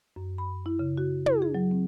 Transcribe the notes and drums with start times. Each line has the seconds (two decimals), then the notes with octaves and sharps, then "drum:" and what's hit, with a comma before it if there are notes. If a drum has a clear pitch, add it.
0.16 F#2
0.38 B5
0.66 E4
0.79 C#3
0.97 F#4
1.26 E4, drum: tom
1.42 G#4
1.54 F#3
1.71 C4